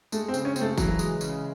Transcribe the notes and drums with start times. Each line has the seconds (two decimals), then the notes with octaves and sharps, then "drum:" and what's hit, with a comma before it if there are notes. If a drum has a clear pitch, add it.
0.12 G#3 A3, drum: tambourine
0.28 C4
0.34 C#3, drum: tambourine
0.45 C#4
0.56 C#3 C4, drum: tambourine
0.61 A3
0.78 E3 F#3, drum: kick F#1, tambourine
0.99 G#3, drum: tambourine
1.21 C#3, drum: tambourine